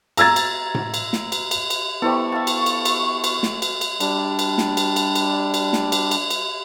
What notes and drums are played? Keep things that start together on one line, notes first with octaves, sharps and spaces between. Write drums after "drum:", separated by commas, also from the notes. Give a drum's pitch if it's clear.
A#5 E6 G#6 A6, drum: cymbal
drum: cymbal
drum: tom A2
drum: cymbal
drum: snare
drum: cymbal
drum: cymbal
drum: cymbal
G3 B3 E4 A4 C5 C#6
E5 F5 A5
drum: cymbal
drum: cymbal
drum: cymbal
drum: cymbal
drum: snare
drum: cymbal
drum: cymbal
G3 D4, drum: cymbal
drum: cymbal
drum: snare
drum: cymbal
drum: cymbal
drum: cymbal
drum: cymbal
drum: snare
drum: cymbal
drum: cymbal
drum: cymbal